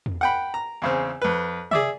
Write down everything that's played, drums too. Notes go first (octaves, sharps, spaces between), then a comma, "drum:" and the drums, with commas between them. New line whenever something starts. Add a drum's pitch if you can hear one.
drum: tom E2
F#5 G5 B5
A#5
E2 C#3 C4
F2 B4
G#4 D5 E5, drum: tom C3